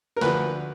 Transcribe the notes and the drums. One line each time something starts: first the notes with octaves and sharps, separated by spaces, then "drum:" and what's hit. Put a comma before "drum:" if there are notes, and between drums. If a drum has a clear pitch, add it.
A#4
D2 D3 F3 B4, drum: snare